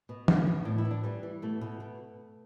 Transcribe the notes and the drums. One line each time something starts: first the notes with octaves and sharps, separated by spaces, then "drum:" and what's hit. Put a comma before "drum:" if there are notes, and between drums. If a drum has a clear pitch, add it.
B2
B2, drum: tom
B2
A2 D4
E4
E3
D4
E3 G3
E3
B2 A3
B2
B2